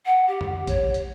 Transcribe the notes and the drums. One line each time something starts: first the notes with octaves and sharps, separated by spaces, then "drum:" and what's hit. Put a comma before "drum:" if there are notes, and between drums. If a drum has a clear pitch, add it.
F#5
G4
drum: tom F2
C#5, drum: kick A#1, hi-hat
drum: hi-hat